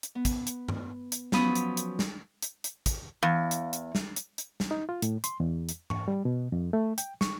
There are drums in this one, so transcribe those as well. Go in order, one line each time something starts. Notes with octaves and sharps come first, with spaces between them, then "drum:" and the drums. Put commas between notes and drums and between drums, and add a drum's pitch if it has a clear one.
drum: hi-hat
B3
drum: kick, hi-hat
drum: hi-hat
drum: tom G2
drum: hi-hat
F3 F#3 B3 C#4 B5 D#6, drum: snare
drum: hi-hat
drum: hi-hat
drum: snare
drum: hi-hat
drum: hi-hat
drum: kick, hi-hat
E2 F5
drum: hi-hat
drum: hi-hat
drum: snare
drum: hi-hat
drum: hi-hat
drum: snare
D#4
F4
A2, drum: hi-hat
C6, drum: hi-hat
E2
drum: hi-hat
C#6, drum: tom G#2
G3
B2
F2
A3
G5, drum: hi-hat
C#6, drum: snare